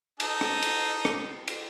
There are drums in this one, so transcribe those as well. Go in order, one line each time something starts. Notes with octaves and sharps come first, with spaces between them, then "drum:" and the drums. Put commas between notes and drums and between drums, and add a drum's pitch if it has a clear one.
D#4 A4, drum: cymbal
drum: rim click
drum: cymbal
drum: rim click
drum: cymbal